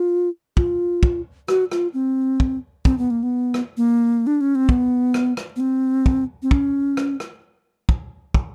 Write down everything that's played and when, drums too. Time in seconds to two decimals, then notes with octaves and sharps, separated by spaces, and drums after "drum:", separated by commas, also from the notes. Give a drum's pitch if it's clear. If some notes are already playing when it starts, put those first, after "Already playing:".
Already playing: F4
0.57 F4, drum: kick
1.03 drum: kick
1.48 F#4, drum: rim click
1.71 F4, drum: rim click
1.94 C4
2.40 drum: kick
2.85 C4, drum: kick
2.98 B3
3.10 A#3
3.23 B3
3.54 drum: rim click
3.77 A#3
4.27 D4
4.41 C#4
4.55 C4
4.69 B3, drum: kick
5.14 drum: rim click
5.37 drum: rim click
5.56 B3
5.60 C4
6.06 drum: kick
6.43 C4
6.51 C#4, drum: kick
6.97 drum: rim click
7.20 drum: rim click
7.89 drum: kick
8.34 drum: kick